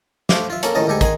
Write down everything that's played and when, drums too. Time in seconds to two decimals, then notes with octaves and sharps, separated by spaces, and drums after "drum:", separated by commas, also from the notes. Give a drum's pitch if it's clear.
0.29 A3 C5 F5 D6, drum: snare
0.50 F4 E5
0.63 A#3 C#4 A4, drum: hi-hat
0.75 A#1 A2 D#3 C#4 D#5 A5
0.87 D2 G#2 G4 A4 G#5
1.01 D#3 G#4 G#5, drum: kick, hi-hat